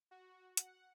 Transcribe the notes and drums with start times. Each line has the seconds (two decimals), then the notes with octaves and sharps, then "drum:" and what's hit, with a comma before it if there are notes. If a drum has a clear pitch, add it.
0.11 F#4
0.57 F#5, drum: hi-hat